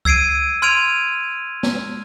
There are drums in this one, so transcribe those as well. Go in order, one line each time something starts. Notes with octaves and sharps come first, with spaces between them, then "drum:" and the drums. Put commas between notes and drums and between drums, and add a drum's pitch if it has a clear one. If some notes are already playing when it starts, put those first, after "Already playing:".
E6 G#6 C7 D7 D#7, drum: kick C#2
C6 F6 G#6 D7 D#7 F7
drum: snare